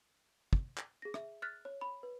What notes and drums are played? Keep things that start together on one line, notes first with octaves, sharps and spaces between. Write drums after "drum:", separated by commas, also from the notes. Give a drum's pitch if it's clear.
drum: kick
drum: clap
G#4 A#6
G#4 E5, drum: rim click
F6 F#6 A6 B6
C#5
B5
B4